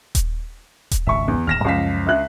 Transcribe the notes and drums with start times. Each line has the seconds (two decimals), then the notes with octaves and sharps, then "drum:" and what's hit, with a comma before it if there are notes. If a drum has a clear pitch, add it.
0.15 drum: kick D#1, hi-hat
0.91 drum: kick D#1, hi-hat
1.07 G#1 C#2 E5 C#6
1.28 E2
1.47 D1 D#2 F6 A#6 E7
1.65 C#2 F#2 F3 G#3 F5 B6
2.06 E5 F#6